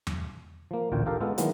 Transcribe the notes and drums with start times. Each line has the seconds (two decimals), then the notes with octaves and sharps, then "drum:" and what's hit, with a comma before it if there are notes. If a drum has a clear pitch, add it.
0.07 drum: tom E2
0.71 F3 A#3
0.92 A1 D2 A#2 F4 G5
1.06 F4 G4 A4 A#4 F5 G5
1.20 G#3 B3 F4 A4
1.38 D#3 E3 F#3 G#3 A#3 B3, drum: hi-hat